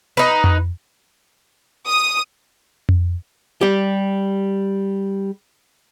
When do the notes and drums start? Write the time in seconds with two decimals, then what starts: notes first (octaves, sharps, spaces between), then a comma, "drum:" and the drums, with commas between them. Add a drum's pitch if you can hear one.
0.17 D#4 B4
0.44 drum: tom F2
1.87 D#6
2.89 drum: tom F2
3.61 G3 G4